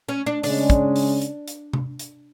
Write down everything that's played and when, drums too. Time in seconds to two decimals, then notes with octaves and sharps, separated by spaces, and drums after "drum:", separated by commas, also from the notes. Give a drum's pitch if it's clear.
0.09 C#4
0.26 D4
0.43 C#3 G#3 C#4 D4, drum: open hi-hat
0.70 drum: kick, hi-hat
0.96 drum: open hi-hat
1.22 drum: hi-hat
1.48 drum: hi-hat
1.73 drum: tom C3
1.99 drum: hi-hat